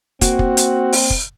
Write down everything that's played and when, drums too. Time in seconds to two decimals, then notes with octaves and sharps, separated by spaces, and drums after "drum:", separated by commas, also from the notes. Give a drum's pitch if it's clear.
0.21 A#3 C4 F#4, drum: kick, hi-hat
0.39 drum: kick
0.57 drum: hi-hat
0.93 drum: open hi-hat
1.10 drum: kick